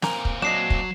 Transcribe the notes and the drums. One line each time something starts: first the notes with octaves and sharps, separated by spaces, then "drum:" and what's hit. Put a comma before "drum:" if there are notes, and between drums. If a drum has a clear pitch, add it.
A#2 C4 A#4 G#5, drum: snare
drum: kick
F#3 D4 D#5 C7 E7
drum: kick